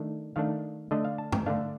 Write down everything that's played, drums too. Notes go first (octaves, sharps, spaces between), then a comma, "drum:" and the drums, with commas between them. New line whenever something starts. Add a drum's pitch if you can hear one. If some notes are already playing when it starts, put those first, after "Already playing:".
Already playing: D#3 A3 D4
D#3 A3 D4 F5
D3 A3 D4 D#5
F5
A5
G5, drum: tom G2
D3 A3 D4 F5